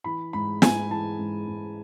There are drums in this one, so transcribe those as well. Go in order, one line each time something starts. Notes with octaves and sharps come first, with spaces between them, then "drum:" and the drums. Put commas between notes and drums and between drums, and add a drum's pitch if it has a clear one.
E3 B5
G#2 B5
G#2 G#5, drum: snare
E3 A5
G#2
G#2